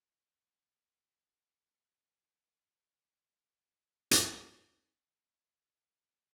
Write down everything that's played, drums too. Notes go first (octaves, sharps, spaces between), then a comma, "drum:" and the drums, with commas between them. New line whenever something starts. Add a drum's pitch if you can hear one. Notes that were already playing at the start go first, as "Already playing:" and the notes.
F#3 G3 A#3 C#4 D4 F4
A#3 G5
drum: hi-hat
B5
F#5
E5
A#4
F4